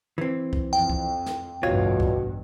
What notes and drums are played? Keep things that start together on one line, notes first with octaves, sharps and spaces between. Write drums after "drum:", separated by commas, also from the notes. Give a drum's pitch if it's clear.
E3 C4
drum: kick C2
F2 G5
drum: kick C2
drum: snare
A1 D2 G2 B2 F4 C#5
drum: kick C2